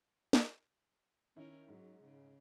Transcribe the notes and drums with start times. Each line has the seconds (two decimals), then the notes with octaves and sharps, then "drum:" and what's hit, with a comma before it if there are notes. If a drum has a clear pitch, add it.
0.33 drum: snare
1.36 D#3 C#4 E4 A#4
1.68 G#2 F#3
2.04 C#3